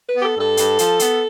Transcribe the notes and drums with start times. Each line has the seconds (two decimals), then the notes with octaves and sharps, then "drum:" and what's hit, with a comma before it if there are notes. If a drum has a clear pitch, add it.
0.09 B4
0.14 B3
0.20 G4
0.25 A4
0.36 G2
0.41 A4
0.57 G2, drum: hi-hat
0.79 F3, drum: hi-hat
0.99 B3, drum: hi-hat